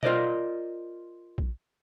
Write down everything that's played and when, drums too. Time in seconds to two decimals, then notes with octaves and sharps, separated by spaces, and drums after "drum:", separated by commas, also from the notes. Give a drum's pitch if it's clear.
0.03 F4 A#4 C5 D5 D#5, drum: tom B2
1.38 drum: kick A#1